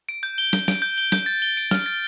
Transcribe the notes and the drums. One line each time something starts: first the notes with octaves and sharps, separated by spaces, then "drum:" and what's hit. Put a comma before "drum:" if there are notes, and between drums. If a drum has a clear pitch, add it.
D7
G6
G7
G6, drum: snare
D7, drum: snare
G6
G7
G6, drum: snare
A6
G7
D7
F6, drum: snare
A6